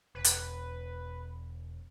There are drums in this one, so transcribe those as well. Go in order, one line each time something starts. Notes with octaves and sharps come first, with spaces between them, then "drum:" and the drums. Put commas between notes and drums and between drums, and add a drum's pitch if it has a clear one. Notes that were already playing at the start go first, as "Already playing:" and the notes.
E1 B4
drum: hi-hat